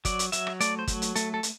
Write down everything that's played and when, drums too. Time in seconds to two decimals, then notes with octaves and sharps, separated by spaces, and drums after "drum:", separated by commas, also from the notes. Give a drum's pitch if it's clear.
0.05 F#3 D5, drum: kick G1, hi-hat
0.19 drum: hi-hat
0.32 F#3 E5, drum: hi-hat
0.47 drum: rim click
0.60 A3 D5, drum: hi-hat
0.79 C5
0.87 F#3, drum: kick G1, hi-hat
1.02 drum: hi-hat
1.16 A3 A4, drum: hi-hat
1.34 A4
1.43 drum: hi-hat